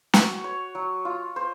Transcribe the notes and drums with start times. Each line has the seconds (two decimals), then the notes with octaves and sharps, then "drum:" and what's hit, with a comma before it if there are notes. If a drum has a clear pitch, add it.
0.14 F#4, drum: snare
0.44 C#5
0.75 F#3
1.05 F4
1.36 C5